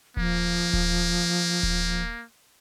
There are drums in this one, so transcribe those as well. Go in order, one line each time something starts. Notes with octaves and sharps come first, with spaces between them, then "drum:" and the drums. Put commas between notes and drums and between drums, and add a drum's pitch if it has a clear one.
F3 A#3, drum: kick D#1
drum: kick D#1
drum: kick D#1